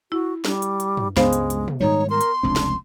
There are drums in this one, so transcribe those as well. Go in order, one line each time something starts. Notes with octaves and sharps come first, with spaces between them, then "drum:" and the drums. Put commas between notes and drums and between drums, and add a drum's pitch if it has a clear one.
E4 F#4
G3, drum: snare
drum: hi-hat
drum: hi-hat
drum: tom
C#2 G2 G#3 B3 C5 F5, drum: snare
drum: hi-hat
drum: hi-hat
drum: tom
G#2 D#3 G3 D#4 C#5
A#4 C6
drum: hi-hat
F1 C#2 C4 D4
drum: snare